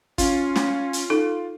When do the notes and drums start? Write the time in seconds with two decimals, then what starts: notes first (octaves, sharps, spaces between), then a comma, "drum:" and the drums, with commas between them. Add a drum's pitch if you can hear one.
0.18 C#4 F4, drum: kick, hi-hat
0.56 drum: snare
0.93 drum: hi-hat
1.10 D#4 A4